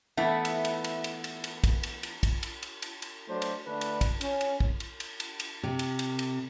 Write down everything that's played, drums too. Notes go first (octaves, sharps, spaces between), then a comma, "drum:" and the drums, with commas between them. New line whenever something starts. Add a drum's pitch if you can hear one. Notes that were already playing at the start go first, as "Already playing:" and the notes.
E3 A3 B3 E4
drum: cymbal
drum: cymbal
drum: cymbal
drum: cymbal
drum: cymbal
drum: cymbal
drum: kick, cymbal
drum: cymbal
drum: cymbal
drum: kick, cymbal
drum: cymbal
drum: cymbal
drum: cymbal
drum: cymbal
F#3 A3 D4 C5
drum: cymbal
D3 A3 D4 B4
drum: cymbal
drum: kick, cymbal
C#4, drum: cymbal
drum: cymbal
drum: kick
drum: cymbal
drum: cymbal
drum: cymbal
drum: cymbal
C3
drum: cymbal
drum: cymbal
drum: cymbal